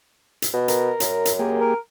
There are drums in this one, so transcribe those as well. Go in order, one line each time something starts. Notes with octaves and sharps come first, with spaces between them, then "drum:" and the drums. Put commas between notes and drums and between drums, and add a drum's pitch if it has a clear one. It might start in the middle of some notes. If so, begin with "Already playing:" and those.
drum: hi-hat
B2
A#4, drum: hi-hat
F#2, drum: hi-hat
drum: hi-hat
A#3 G4 G#4
A#4